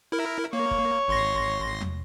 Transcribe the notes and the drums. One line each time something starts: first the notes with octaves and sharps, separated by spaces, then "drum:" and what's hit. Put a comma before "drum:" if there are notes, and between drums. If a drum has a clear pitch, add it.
E4 A#4
A#3 C#5
drum: kick
G#1 C6 A#6
drum: tom E2